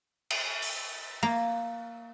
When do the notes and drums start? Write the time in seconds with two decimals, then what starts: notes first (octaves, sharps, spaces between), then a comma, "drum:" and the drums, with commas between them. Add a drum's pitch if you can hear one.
0.30 drum: cymbal
0.62 drum: open hi-hat
1.23 A#3